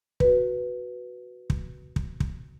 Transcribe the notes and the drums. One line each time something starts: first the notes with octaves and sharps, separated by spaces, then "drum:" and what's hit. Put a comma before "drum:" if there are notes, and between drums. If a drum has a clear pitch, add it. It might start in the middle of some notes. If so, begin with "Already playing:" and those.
F#4 B4, drum: kick
drum: kick
drum: kick
drum: kick